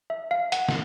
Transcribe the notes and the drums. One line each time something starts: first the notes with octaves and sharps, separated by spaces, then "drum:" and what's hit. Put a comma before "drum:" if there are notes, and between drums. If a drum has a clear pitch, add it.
E5
F5
F#5, drum: hi-hat
drum: snare